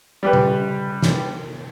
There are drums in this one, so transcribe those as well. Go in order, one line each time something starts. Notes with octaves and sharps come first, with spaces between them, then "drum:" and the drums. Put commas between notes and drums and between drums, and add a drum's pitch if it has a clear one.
G3 G4 B4
drum: tom C#3
drum: snare